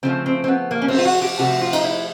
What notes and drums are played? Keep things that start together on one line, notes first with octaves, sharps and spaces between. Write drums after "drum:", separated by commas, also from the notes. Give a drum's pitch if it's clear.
C#3 F3 A3 C4
C4
C4
B3
A#3
C#4
C4, drum: cymbal
F4
F#4
G4
C3 F3 A3 F#4
F4
D#4, drum: cymbal
E4